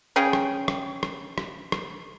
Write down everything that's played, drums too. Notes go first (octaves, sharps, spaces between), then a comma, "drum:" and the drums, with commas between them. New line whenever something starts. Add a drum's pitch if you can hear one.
C#3 C#4 G#4 G5
drum: rim click
drum: rim click
drum: rim click
drum: rim click
drum: rim click